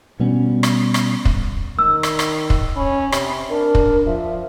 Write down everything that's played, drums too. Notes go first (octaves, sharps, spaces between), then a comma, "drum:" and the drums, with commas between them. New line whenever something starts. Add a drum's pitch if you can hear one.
B2 G3 B3 C#4
drum: rim click
drum: rim click
drum: kick
D#3 E6
drum: rim click
drum: rim click
drum: kick
C#4 B5
C3, drum: rim click
D4 A#4
drum: kick
F3 E5